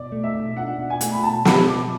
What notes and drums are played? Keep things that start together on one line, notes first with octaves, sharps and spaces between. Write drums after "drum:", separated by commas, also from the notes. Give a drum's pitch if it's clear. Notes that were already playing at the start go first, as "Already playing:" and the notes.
Already playing: B2 D5
A3
E5
B2
D4 F#5
B2
G#5
A3, drum: hi-hat
B5
B2 A5
F#3 B5, drum: snare
B2 D6